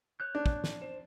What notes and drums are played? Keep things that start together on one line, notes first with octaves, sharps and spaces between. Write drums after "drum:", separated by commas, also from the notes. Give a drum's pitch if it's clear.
C#5 F#6 G6
D4
drum: kick
drum: snare
C5